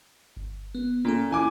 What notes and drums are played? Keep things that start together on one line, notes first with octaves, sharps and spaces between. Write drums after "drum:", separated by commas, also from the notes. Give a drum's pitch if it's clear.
drum: kick G1
B3
A#2 A#3 C#4 A4
E3 G#5 D6